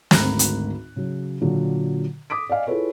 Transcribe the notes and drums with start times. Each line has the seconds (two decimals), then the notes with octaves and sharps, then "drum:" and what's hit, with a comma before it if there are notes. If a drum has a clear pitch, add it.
0.11 G#1 D2 A#5 B5 F#6, drum: snare
0.39 drum: hi-hat
0.96 C#3 F#3
1.41 A#2 D3 F#3
2.30 D6 D#6 B6 D7
2.50 D5 D#5 F5 G#5
2.67 E4 F4 G#4 A4 B4 C#5